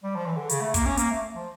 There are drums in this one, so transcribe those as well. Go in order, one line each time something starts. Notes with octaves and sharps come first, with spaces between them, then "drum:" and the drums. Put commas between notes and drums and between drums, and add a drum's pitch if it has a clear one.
G3
F3
E3
D3
C#3, drum: hi-hat
A3
A#3, drum: kick, hi-hat
C#4
A#3, drum: hi-hat
A3
F3